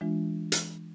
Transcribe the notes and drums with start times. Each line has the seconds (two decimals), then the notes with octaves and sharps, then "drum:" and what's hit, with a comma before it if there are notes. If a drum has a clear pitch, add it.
0.01 E3 G#3 D4 F4
0.52 drum: hi-hat